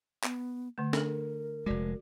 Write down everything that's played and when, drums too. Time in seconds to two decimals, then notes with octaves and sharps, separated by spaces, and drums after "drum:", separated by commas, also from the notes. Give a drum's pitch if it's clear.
0.23 B3, drum: clap
0.78 D3 A3
0.93 D4 A4 A#4, drum: snare
1.66 F1 G#3 F#4 D5